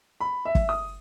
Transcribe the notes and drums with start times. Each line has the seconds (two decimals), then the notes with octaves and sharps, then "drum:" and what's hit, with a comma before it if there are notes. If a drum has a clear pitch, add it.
0.20 B5
0.45 E5
0.55 drum: kick
0.69 D#6